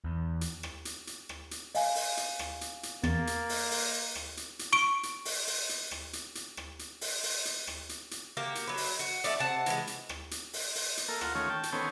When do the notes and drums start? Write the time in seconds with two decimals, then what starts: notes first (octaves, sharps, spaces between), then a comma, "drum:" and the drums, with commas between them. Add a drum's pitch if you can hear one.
0.04 E2
0.41 drum: hi-hat
0.63 drum: rim click
0.85 drum: hi-hat
1.07 drum: hi-hat
1.29 drum: rim click
1.51 drum: hi-hat
1.75 D#5 F5 G#5, drum: open hi-hat
1.95 drum: open hi-hat
2.17 drum: hi-hat
2.39 drum: rim click
2.61 drum: hi-hat
2.83 drum: hi-hat
3.04 E2 A#3 A6, drum: rim click
3.27 drum: hi-hat
3.49 drum: open hi-hat
3.71 drum: open hi-hat
4.15 drum: rim click
4.37 drum: hi-hat
4.59 drum: hi-hat
4.73 C#6 D7
5.03 drum: hi-hat
5.25 drum: open hi-hat
5.47 drum: open hi-hat
5.69 drum: hi-hat
5.91 drum: rim click
6.13 drum: hi-hat
6.35 drum: hi-hat
6.57 drum: rim click
6.79 drum: hi-hat
7.01 drum: open hi-hat
7.23 drum: open hi-hat
7.45 drum: hi-hat
7.67 drum: rim click
7.89 drum: hi-hat
8.11 drum: hi-hat
8.37 A#3 F#4 G4
8.55 drum: hi-hat
8.68 F#3 B4
8.77 drum: open hi-hat
8.99 F#4
9.24 A3 D#4 D5, drum: hi-hat
9.40 C3 F#5 A5
9.66 E3 G#3, drum: hi-hat
9.87 drum: hi-hat
10.09 drum: rim click
10.31 drum: hi-hat
10.53 drum: open hi-hat
10.75 drum: open hi-hat
10.97 drum: hi-hat
11.08 A#3 A4 A#4
11.21 F4 A#4 F#5, drum: rim click
11.35 D#3 A3 C#4 F4 C#5
11.50 G5 A5
11.63 drum: hi-hat
11.73 D#3 B3 C#4 A4 C5 C#5